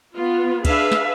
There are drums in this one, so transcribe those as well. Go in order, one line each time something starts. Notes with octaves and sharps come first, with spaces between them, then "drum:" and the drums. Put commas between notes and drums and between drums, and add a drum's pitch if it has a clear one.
B3 F4
D4 G#4 B4 E5 F5, drum: kick, cymbal
drum: snare